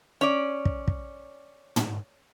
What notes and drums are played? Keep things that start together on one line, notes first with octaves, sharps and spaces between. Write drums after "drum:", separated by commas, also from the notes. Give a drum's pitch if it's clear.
C#4 D5
drum: kick
drum: kick
drum: tom